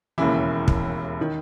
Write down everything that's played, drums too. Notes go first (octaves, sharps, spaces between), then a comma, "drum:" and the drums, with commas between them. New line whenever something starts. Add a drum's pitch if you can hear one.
E1 D#2 C#3 E3 E4
drum: kick
D#3